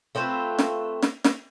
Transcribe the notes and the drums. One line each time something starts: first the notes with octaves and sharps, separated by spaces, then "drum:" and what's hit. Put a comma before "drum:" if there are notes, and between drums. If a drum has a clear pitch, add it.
A3 C4 F4 B4
drum: snare
drum: snare
drum: snare